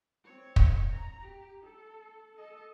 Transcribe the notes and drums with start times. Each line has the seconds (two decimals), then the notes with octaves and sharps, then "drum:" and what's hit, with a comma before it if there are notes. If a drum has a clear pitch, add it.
0.25 C4 C#5
0.56 drum: kick
0.90 A#5
1.21 G4
1.63 A4
2.36 A4 D#5